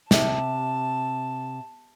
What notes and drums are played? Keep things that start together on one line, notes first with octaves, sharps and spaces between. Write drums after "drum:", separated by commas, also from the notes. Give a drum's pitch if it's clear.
C3 A5, drum: snare